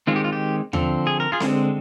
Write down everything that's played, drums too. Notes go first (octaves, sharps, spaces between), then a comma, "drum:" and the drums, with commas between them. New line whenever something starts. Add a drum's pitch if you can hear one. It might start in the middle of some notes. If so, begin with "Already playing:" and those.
D#3 G#3 C4 F4
G4
F4
G4
D3 F3 C4, drum: tom D#2
G#4
A#4
F4 G#4
D3 G#3 C4, drum: snare C4